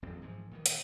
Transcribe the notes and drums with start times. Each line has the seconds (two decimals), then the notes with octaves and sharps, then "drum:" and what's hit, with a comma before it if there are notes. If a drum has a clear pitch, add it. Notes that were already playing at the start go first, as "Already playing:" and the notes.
0.02 D#1 A#1 F2 C4
0.22 G#2 E3 F3
0.51 A#2 D#3 E3
0.66 drum: hi-hat